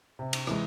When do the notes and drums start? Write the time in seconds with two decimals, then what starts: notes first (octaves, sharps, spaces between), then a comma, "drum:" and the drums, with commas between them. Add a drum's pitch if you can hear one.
0.19 C3
0.33 drum: cymbal
0.47 E3 G#3, drum: rim click